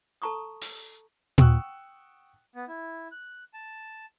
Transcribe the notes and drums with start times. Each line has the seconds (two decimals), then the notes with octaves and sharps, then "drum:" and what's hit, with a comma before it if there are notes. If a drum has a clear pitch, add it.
0.22 A4 A5 A#5 C#6 D#6
0.61 drum: open hi-hat
1.38 F#5 G5 C#6 D#6 E6 F#6, drum: tom A#2
2.56 B3
2.68 E4
3.12 F#6
3.54 A5